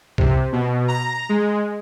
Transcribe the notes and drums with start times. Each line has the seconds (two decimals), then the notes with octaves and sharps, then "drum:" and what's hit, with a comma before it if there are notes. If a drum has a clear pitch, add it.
0.18 C3, drum: kick C2
0.52 B2
0.88 A#5
1.29 G#3